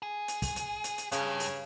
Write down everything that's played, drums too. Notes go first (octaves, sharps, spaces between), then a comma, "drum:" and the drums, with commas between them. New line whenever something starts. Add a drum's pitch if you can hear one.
G#4
drum: hi-hat
drum: kick, open hi-hat
drum: hi-hat
drum: hi-hat
drum: hi-hat
G2 C#3, drum: hi-hat
drum: open hi-hat